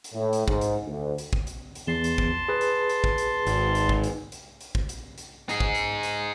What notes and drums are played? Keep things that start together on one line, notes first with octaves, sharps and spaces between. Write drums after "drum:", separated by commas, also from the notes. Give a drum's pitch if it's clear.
drum: hi-hat
A2
drum: hi-hat
G#2, drum: kick
drum: hi-hat
D2
drum: hi-hat
drum: kick
drum: hi-hat
drum: hi-hat
E2 A5 C6
drum: hi-hat
drum: kick
G#4 B4
drum: hi-hat
drum: hi-hat
drum: kick
drum: hi-hat
G#1, drum: hi-hat
drum: hi-hat
drum: kick
drum: hi-hat
drum: hi-hat
drum: hi-hat
drum: kick
drum: hi-hat
drum: hi-hat
D#4 G#4, drum: hi-hat
drum: kick
drum: hi-hat
drum: hi-hat